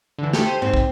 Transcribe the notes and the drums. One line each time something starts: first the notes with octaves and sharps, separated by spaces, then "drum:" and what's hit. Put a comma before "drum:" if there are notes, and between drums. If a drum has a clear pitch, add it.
D3 E3
A3 G4 A4, drum: snare
C5 D#7
G#2 C4
drum: kick